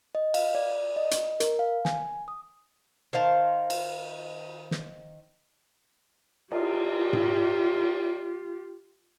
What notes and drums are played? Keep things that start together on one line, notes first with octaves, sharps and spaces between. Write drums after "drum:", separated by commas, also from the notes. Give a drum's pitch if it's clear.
D#5
F5, drum: cymbal
D5
D5
D#5
D#5, drum: hi-hat
A#4, drum: hi-hat
F5
G#5, drum: snare
D#6
D#3 C5 F5 A5
drum: cymbal
drum: snare
F4 G4, drum: cymbal
drum: tom G#2